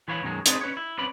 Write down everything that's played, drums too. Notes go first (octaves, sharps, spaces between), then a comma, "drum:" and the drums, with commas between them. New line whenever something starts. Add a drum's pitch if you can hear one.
E3 B4 C#5 F5 B5
F#2 B2 D#3 F#3 G#3
B3 C4 D4 D#4 G#4 B4, drum: hi-hat
C#4 B4 C#5
E4
C4 C#4 B4 D5 B5